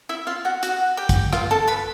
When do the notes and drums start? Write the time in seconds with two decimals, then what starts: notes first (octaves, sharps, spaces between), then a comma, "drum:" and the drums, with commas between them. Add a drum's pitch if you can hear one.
0.09 E4 E5
0.27 F4 F5
0.45 F#4 F#5
0.63 F#4 F#5, drum: hi-hat
0.97 G4 G5
1.09 drum: kick, hi-hat
1.33 F4 F5, drum: rim click
1.51 A4 A5
1.68 B4 B5